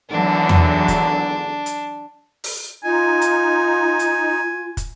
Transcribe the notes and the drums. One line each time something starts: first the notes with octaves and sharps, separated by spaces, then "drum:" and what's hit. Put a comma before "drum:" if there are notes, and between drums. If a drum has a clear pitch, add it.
G#1 E2 D3 E3 F#3 D4
drum: tom E2
drum: kick, hi-hat
drum: hi-hat
drum: open hi-hat
D#4 F4 G#5
drum: hi-hat
drum: hi-hat
drum: kick, hi-hat